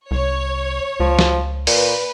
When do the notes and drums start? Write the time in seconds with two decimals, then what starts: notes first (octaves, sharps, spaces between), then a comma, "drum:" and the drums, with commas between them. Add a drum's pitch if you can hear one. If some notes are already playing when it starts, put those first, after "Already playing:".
0.11 C2 C#5
1.00 C#2 F3
1.19 drum: snare
1.67 A#2 B4, drum: open hi-hat